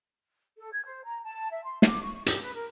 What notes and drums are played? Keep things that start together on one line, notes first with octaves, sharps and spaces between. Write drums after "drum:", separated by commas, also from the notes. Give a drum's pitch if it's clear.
A4
G#6
C5
A#5
A5
E5
C6
D6, drum: snare
C#6
G4, drum: hi-hat
B4
A#4